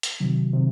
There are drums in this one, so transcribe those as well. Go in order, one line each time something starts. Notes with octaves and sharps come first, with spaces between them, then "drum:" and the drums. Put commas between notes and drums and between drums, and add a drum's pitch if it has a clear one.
drum: hi-hat
C3 D#3 F#3
C3 D#3